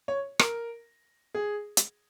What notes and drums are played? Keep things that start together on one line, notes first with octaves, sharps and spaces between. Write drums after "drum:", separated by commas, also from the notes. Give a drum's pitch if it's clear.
C#5
A#4, drum: rim click
G#4
drum: hi-hat